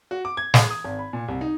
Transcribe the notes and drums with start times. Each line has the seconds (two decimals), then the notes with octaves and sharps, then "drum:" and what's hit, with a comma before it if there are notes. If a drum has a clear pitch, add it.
0.11 F#4
0.25 D6
0.37 G#6
0.54 G#3, drum: snare
0.70 D#6
0.84 G#1
0.99 B5
1.13 A#2
1.28 C2
1.41 D#4